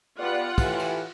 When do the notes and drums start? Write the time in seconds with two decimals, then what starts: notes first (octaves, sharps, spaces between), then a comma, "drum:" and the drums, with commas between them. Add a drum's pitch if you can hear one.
0.20 B3 F4 G4 D5 F#5
0.58 A2 E3 G4, drum: kick, cymbal
0.79 drum: cymbal